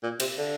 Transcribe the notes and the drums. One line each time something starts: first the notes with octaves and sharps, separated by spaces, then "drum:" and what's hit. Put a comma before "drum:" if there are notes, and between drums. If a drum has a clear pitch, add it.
A#2
C3, drum: cymbal
D3